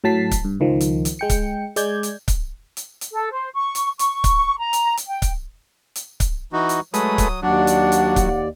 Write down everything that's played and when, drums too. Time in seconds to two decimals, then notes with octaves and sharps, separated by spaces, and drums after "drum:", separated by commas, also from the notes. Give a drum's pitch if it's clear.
0.04 A2 F#3 A5 B6 C7
0.31 drum: kick C#1, hi-hat
0.45 G2
0.60 C#2 D#3 F3
0.81 drum: hi-hat
1.05 drum: hi-hat
1.19 G#3 G5 C#7
1.30 drum: kick C#1, hi-hat
1.76 G#3 D5 G6 G#6, drum: hi-hat
2.03 drum: hi-hat
2.28 drum: kick C#1, hi-hat
2.77 drum: hi-hat
3.01 drum: hi-hat
3.12 A4
3.32 C5
3.54 C#6
3.75 drum: hi-hat
3.99 C#6, drum: hi-hat
4.24 drum: kick C#1, hi-hat
4.58 A#5
4.73 drum: hi-hat
4.97 drum: hi-hat
5.07 G5
5.22 drum: kick C#1, hi-hat
5.96 drum: hi-hat
6.20 drum: kick C#1, hi-hat
6.53 E3 D#4 F#4
6.69 drum: hi-hat
6.94 F#3 G#3 A3 B4 D#6, drum: hi-hat
7.18 drum: kick C#1, hi-hat
7.43 D#2 F#3 D4 D5 F#5
7.67 drum: hi-hat
7.92 drum: hi-hat
8.16 drum: kick C#1, hi-hat